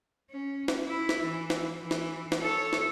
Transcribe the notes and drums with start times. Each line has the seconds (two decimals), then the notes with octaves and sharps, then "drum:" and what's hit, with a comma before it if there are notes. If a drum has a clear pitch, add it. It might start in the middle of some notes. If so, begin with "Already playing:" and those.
0.31 C#4
0.68 drum: snare
0.87 E4
1.09 drum: snare
1.23 E3
1.50 drum: snare
1.82 E3
1.91 drum: snare
2.32 drum: snare
2.41 A4 C#5
2.73 drum: snare